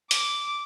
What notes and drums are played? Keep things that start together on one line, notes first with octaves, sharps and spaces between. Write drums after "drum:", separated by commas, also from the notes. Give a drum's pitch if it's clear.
D6, drum: hi-hat